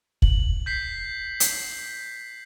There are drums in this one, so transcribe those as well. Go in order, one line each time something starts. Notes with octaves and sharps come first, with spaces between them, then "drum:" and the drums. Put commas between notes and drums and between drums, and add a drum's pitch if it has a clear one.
F#7, drum: kick
G6 B6 C7
drum: hi-hat